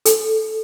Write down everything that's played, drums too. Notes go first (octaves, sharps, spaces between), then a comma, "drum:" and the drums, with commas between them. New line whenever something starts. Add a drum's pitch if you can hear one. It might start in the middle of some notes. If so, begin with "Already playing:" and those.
A4, drum: hi-hat